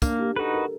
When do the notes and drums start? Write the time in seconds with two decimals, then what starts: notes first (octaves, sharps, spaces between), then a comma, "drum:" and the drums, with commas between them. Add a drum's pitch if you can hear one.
0.02 A#3 D4, drum: kick, tambourine
0.19 G4
0.36 D#4 F#4 A4 B4
0.54 A#4